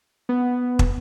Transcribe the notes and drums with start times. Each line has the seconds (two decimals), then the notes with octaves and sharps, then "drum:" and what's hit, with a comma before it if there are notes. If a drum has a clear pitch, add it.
0.29 B3
0.79 drum: kick